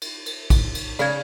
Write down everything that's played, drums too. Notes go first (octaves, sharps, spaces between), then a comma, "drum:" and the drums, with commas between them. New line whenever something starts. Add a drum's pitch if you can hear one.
drum: cymbal
drum: cymbal
drum: kick, cymbal
drum: cymbal
C#3 D5 F5 G#6, drum: cymbal